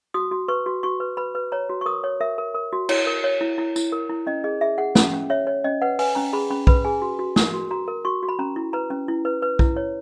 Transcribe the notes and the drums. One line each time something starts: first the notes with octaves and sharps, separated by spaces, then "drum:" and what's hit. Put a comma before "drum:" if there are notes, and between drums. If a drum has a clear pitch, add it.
F#4 D#6
F#4
B4 C#6
F#4
F#4 C#6
B4
B4 B5
B4
C#5 A#5
F#4
C#6
A#4 D#6
C#5
A#4 E5
A#4
A#4
F#4
E4 C#5, drum: cymbal
A#4
C#5
E4
E4
E4, drum: tambourine
A#4
E4
C#4 D#5
G#4 D#5
G#4 E5
G#4 F#5
C#4 F#5, drum: snare
C#4
C#5 E5
C#5
C#4 D#5
B4 F#5
B4 G#5, drum: open hi-hat
C#4 A#5
G#4 B5
C#4 B5
B4 B5, drum: kick B1
G#4 G#5
F#4
F#4
A#4, drum: snare
F#4
F#4 A#5
A#4
F#4 C#6
F#4
B5
C#4 A#5
E4
B4 A#5
C#4
E4
B4
B4
E4, drum: kick B1
C#5